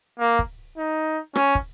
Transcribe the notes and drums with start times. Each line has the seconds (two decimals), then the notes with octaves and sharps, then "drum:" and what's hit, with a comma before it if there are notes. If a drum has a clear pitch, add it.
0.20 A#3
0.39 drum: kick
0.78 D#4
1.35 C#4, drum: rim click
1.55 drum: kick